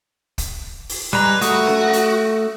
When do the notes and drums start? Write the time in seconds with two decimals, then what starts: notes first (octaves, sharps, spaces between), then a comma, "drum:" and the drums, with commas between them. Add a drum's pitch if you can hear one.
0.38 drum: kick, hi-hat
0.90 drum: open hi-hat
1.13 G3 G#3 B4 A#5
1.41 A3 F#4 D#6, drum: hi-hat
1.67 drum: snare C#4
1.93 drum: hi-hat